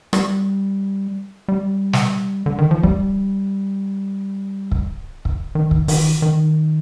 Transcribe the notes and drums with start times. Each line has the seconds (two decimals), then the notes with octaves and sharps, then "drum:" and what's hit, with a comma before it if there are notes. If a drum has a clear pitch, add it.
0.13 G3, drum: rim click
1.48 G3
1.93 drum: snare
2.46 D3
2.58 D#3
2.71 F3
2.83 G3, drum: kick
4.72 drum: kick
5.25 drum: kick
5.55 D#3
5.71 drum: kick
5.88 D#3, drum: open hi-hat
6.22 D#3